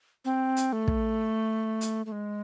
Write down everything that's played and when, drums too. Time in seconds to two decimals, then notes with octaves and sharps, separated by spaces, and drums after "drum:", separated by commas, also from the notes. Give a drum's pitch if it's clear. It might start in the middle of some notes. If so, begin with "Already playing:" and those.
0.25 C4
0.56 drum: hi-hat
0.73 A3
0.88 drum: kick
1.81 drum: hi-hat
2.06 A3
2.12 G#3